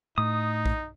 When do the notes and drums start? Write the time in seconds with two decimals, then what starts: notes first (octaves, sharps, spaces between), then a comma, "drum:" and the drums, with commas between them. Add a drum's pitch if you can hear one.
0.18 A2 D#4 D#6
0.66 drum: kick A#1